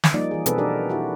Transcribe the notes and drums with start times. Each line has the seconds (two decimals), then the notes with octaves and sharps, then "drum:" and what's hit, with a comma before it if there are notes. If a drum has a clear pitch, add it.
0.04 drum: snare
0.13 F3 G3 A#3 D#4 D5
0.31 E3 G#4
0.46 B2 B3 C4 G#4 A4 B4, drum: hi-hat
0.58 D4 D#4 G4 A4 A#4 D5
0.89 E4 F#4 G4